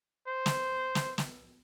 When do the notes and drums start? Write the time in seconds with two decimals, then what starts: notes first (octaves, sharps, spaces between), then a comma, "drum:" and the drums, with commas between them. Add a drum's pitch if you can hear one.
0.27 C5
0.46 drum: snare
0.95 drum: snare
1.18 drum: snare